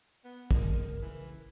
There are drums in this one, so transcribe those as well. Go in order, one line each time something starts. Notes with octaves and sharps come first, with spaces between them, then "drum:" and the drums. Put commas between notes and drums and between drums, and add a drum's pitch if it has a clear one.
B3
C#3 D#4 A#4, drum: kick
E3